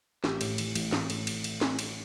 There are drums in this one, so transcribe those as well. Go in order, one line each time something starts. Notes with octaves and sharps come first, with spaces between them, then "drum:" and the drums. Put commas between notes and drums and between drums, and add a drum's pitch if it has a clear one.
A1 G4, drum: snare
A2, drum: cymbal
E3, drum: cymbal
A1, drum: cymbal
A1, drum: snare
A2, drum: cymbal
drum: cymbal
drum: cymbal
drum: snare
drum: cymbal